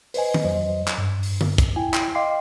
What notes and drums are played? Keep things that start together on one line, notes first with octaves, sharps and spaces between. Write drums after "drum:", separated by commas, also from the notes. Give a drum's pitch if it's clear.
B4 C5 D#5 G#5, drum: open hi-hat
drum: tom D#3
F2 F#3 C5 D#5
drum: clap
G2
drum: open hi-hat
drum: tom D3
drum: kick, hi-hat
E4 G5 G#5
drum: clap
D#5 F5 G5 C6 D6 C7